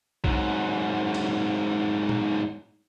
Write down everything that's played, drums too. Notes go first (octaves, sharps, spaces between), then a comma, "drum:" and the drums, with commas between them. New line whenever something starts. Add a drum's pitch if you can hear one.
G#2 F#3, drum: kick
drum: cymbal
drum: tom A#2